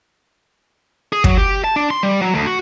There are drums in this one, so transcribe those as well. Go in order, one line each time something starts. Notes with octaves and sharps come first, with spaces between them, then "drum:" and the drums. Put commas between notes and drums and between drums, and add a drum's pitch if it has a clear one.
G#4
F#3, drum: kick
G4
A5
D4
C6
G3
F#3
D2
F#4